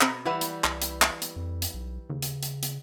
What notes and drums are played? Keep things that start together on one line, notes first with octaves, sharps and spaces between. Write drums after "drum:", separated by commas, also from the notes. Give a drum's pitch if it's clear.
B2 C4 A#5, drum: clap
E3 G3 E4 B4 E5 F#5
drum: hi-hat
C2, drum: clap
drum: hi-hat
drum: clap
drum: hi-hat
F2
drum: hi-hat
B1
D#2 C#3
drum: hi-hat
drum: hi-hat
drum: hi-hat